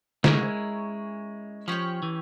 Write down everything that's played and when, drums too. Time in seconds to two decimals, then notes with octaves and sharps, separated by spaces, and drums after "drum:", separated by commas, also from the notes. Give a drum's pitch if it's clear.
0.24 G#3 C#4 E4 A#4 C#5, drum: snare
1.68 F3 C#4 G4 C#5
2.03 E3